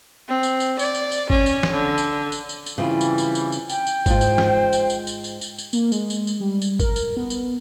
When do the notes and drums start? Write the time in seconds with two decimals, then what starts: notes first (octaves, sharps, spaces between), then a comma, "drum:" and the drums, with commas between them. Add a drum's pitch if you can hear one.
0.29 C4
0.43 drum: tambourine
0.60 drum: tambourine
0.79 D5, drum: tambourine
0.95 drum: tambourine
1.12 drum: tambourine
1.30 C#4, drum: kick G1
1.46 drum: tambourine
1.63 drum: snare
1.72 D3
1.98 drum: tambourine
2.32 drum: tambourine
2.49 drum: tambourine
2.66 drum: tambourine
2.78 C#3 E3 G3 C4 F4
3.01 drum: tambourine
3.18 drum: tambourine
3.35 drum: tambourine
3.52 drum: tambourine
3.69 G5, drum: tambourine
3.87 drum: tambourine
4.06 G#2 F4 C5, drum: kick G1, tambourine
4.21 drum: tambourine
4.38 drum: snare
4.73 drum: tambourine
4.90 drum: tambourine
5.07 drum: tambourine
5.24 drum: tambourine
5.41 drum: tambourine
5.58 drum: tambourine
5.73 A#3, drum: tambourine
5.92 G#3, drum: tambourine
6.10 drum: tambourine
6.27 drum: tambourine
6.40 G3
6.62 drum: tambourine
6.80 A#4, drum: kick G1, tambourine
6.96 drum: tambourine
7.17 B3
7.30 drum: tambourine